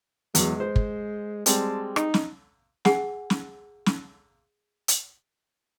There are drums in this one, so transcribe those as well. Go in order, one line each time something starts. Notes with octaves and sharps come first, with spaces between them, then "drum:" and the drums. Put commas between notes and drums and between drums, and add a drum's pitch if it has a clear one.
E2 F#3 G#3, drum: hi-hat
C5
drum: kick
G3 G#3 C4 A5, drum: hi-hat
D#4, drum: rim click
drum: snare
G#4 F#5 G#5, drum: snare
drum: snare
drum: snare
drum: hi-hat